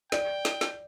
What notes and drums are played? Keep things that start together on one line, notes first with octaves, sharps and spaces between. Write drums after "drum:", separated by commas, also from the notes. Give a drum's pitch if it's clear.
D5 G5, drum: snare
drum: snare
drum: snare